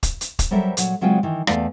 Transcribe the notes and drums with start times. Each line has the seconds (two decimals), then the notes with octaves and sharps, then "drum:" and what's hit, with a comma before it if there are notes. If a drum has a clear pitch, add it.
0.03 drum: kick, hi-hat
0.21 drum: hi-hat
0.39 drum: kick, hi-hat
0.51 F#3 G3 A4 A#4 C5 E5
0.77 A#2 F#3, drum: hi-hat
1.01 C#3 F#3 G#3 C4 F4 G5
1.23 D#3 E3
1.47 E2 A3 A#3 D5 F5, drum: rim click